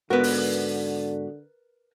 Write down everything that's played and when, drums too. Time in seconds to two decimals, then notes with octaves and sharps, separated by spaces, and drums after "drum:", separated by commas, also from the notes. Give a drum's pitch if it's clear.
0.10 G#2 D3 B3 F#4 A#4 B4
0.23 drum: open hi-hat